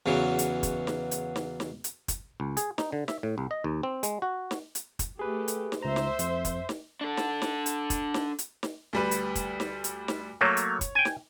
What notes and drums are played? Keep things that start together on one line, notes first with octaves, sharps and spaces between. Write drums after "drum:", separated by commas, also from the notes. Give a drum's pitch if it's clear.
E2 C#3 E3 F#3
drum: hi-hat
drum: kick, hi-hat
drum: snare
drum: hi-hat
drum: snare
drum: snare
drum: hi-hat
drum: kick, hi-hat
C#2
G#4, drum: hi-hat
D#4, drum: snare
D3
E5, drum: snare
A2
C2
D#5
D#2
C4
G#3, drum: hi-hat
F#4
drum: snare
drum: hi-hat
drum: kick, hi-hat
A3 G4 G#4 B4
drum: hi-hat
drum: snare
C#2 C5 E5 A#5
drum: snare
F2, drum: hi-hat
drum: kick, hi-hat
drum: snare
D4 A4
drum: snare
drum: snare
drum: hi-hat
drum: kick, hi-hat
drum: snare
drum: hi-hat
drum: snare
D2 G3 B4
drum: hi-hat
drum: kick, hi-hat
drum: snare
drum: hi-hat
drum: snare
F#3 A3 A#3 C#5
drum: hi-hat
drum: kick, hi-hat
G5 G#5
drum: snare